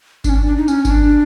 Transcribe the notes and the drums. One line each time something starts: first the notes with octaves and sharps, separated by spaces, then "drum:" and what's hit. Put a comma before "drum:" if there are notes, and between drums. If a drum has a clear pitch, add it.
D4, drum: kick G1, tambourine
C#4
D4
D4
D#4
C#4, drum: tambourine
C#4, drum: kick G1, tambourine
D4